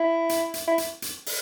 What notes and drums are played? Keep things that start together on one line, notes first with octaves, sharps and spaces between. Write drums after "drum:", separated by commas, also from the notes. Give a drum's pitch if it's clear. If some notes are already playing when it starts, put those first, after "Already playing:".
Already playing: E4
drum: hi-hat
drum: hi-hat
E4
drum: hi-hat
drum: hi-hat
drum: open hi-hat